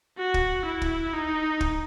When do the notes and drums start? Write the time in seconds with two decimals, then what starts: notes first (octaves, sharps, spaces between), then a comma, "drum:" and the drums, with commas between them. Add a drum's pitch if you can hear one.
0.18 F#4
0.34 drum: kick
0.65 E4
0.82 drum: kick
1.13 D#4
1.61 drum: kick